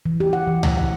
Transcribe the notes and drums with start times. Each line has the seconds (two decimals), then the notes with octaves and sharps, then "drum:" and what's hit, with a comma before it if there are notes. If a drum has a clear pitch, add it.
0.06 E3
0.20 G4
0.33 F#5
0.48 E3
0.63 drum: tom C#2
0.77 F#5